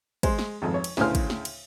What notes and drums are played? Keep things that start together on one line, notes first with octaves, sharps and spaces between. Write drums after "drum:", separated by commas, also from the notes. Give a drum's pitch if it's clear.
G#3 C5, drum: kick, cymbal
drum: snare
G#1 F2
C#5
drum: cymbal
D2 A2 C#3 G#4 C5 F6, drum: snare
drum: kick, cymbal
drum: snare
drum: cymbal